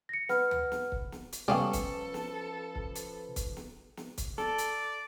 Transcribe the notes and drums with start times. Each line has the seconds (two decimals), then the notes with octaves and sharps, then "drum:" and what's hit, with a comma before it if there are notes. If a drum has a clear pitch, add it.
0.09 A#6 C#7
0.29 B4 F#5 B5 F6, drum: snare
0.51 drum: tom D2
0.72 drum: snare
0.92 drum: kick C#1
1.12 drum: snare
1.33 drum: hi-hat
1.48 F3 G3 A#3 B3 C#4 A4 B4
1.73 drum: kick C#1, hi-hat
2.14 drum: snare
2.75 drum: kick C#1
2.96 drum: hi-hat
3.36 drum: kick C#1, hi-hat
3.57 drum: snare
3.97 drum: snare
4.18 drum: kick C#1, hi-hat
4.38 A4 D5, drum: snare
4.58 drum: hi-hat